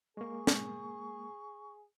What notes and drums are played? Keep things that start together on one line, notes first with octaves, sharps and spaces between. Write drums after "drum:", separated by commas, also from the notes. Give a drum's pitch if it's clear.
G#3 A#3 G#4 C#6
drum: snare